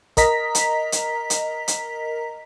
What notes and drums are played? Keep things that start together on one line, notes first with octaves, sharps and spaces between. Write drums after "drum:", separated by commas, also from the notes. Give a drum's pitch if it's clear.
A#4 D#5 A#5 B6, drum: kick, hi-hat
drum: hi-hat
drum: hi-hat
drum: hi-hat
drum: hi-hat